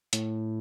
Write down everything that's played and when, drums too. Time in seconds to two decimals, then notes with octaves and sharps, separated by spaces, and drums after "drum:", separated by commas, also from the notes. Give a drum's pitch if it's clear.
0.13 A2, drum: hi-hat